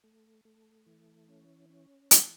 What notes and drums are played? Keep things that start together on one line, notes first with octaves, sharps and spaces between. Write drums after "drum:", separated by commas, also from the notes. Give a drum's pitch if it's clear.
A3
A3
E3
C#4
C#4
E3, drum: hi-hat